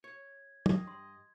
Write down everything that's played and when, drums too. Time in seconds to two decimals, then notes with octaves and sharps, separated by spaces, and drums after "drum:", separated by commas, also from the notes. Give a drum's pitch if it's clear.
0.04 C#5 G#6
0.66 G2 D#5, drum: tom
0.87 C6